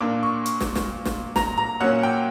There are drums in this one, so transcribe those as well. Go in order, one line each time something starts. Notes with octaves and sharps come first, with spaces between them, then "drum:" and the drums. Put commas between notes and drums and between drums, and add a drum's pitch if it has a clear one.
A#2 A#3 D4 D6
C#6
drum: hi-hat
drum: snare
drum: snare
drum: snare
A#5, drum: snare
A#5
A#2 F#3 A#3 C#4 F#5
G5